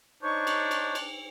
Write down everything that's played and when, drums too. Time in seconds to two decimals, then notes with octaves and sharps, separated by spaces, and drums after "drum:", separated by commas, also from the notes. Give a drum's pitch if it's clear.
0.23 D4 D#4 C5 C#5 C#6
0.47 drum: cymbal
0.71 drum: cymbal
0.95 drum: cymbal